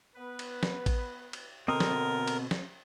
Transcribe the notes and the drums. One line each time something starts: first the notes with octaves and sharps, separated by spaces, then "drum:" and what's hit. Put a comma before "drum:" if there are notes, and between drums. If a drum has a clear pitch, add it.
B3 B4
drum: cymbal
drum: snare
drum: kick A1, cymbal
drum: cymbal
F#2 B2 D3 C4 A4 A#4 D#5
drum: snare
drum: cymbal
drum: snare